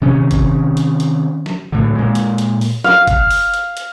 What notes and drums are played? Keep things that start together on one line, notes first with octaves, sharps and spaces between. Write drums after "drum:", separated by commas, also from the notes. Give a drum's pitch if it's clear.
C3 D#3 C#4
drum: kick F#1, hi-hat
drum: hi-hat
drum: hi-hat
drum: snare
A2 D3
A#2 G#3
drum: hi-hat
drum: hi-hat
drum: open hi-hat
F5, drum: snare
drum: kick F#1, hi-hat
drum: open hi-hat
drum: hi-hat
drum: hi-hat